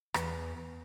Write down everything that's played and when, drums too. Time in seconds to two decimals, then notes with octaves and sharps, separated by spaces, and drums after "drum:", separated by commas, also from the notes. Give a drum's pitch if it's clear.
0.14 E2, drum: rim click